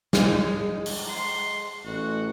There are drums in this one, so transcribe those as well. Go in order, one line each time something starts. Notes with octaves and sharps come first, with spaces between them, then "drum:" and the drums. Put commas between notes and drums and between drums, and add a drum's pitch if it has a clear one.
G#3, drum: snare
drum: open hi-hat
C6
A1 F#4